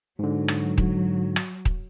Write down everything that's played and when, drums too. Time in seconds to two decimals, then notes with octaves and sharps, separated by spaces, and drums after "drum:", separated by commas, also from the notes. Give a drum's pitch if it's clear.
0.19 G#2 D3 F#3
0.48 drum: rim click
0.78 drum: kick D#1
1.36 drum: rim click
1.65 drum: kick D#1